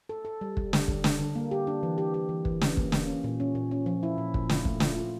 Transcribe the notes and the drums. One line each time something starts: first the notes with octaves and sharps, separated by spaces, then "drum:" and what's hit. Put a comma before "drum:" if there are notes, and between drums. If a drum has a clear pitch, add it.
A4
A4
G3
G3, drum: kick
G3, drum: snare
D3, drum: kick
D4, drum: snare
D3
A#3
G4
D4
E3
G4
G4
E3
E3, drum: kick
C#4, drum: snare
A#3, drum: kick
A#3, drum: snare
C#4
A#2
C#4
A#2
C#4
F3
E4
A#2
A#2, drum: kick
F4, drum: snare
A3, drum: kick
F4, drum: snare
F4